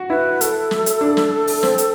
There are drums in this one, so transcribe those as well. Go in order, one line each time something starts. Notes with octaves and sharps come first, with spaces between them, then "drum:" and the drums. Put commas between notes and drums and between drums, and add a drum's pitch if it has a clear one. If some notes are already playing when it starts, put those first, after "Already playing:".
Already playing: F#4
E4 B4
A4, drum: hi-hat
drum: snare
drum: hi-hat
D4
drum: snare
drum: open hi-hat
C4, drum: snare
drum: hi-hat